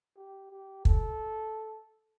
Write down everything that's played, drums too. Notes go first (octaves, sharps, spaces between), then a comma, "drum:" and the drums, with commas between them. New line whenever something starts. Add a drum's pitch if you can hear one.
G4
G4
A4, drum: kick